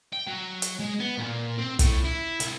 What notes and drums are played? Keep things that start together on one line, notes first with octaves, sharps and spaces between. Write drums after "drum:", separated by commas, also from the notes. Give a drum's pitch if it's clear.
G5
F#3
drum: hi-hat
G#3
B3
A#2
C4
A2, drum: kick, hi-hat
E4
C2, drum: hi-hat